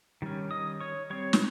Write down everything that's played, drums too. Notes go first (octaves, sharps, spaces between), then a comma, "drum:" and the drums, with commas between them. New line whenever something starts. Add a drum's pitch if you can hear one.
D#3 G3 C#4
D#5 D#6
C#5 C#6
G3 C4 C#5 C#6
drum: snare